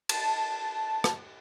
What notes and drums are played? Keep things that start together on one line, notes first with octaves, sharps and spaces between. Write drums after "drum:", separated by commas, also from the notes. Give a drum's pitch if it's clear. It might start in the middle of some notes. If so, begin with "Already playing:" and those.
A5, drum: cymbal
drum: rim click